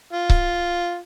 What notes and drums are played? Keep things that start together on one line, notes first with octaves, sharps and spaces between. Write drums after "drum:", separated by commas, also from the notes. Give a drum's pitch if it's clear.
F4
drum: kick C#1